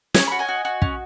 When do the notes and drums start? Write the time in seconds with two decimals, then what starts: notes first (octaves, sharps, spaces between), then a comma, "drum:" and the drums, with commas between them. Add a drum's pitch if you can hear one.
0.14 C#4 G#5, drum: snare
0.27 F#4 B5
0.39 D#5 G#5
0.48 F#4
0.65 F#4
0.82 C#4, drum: kick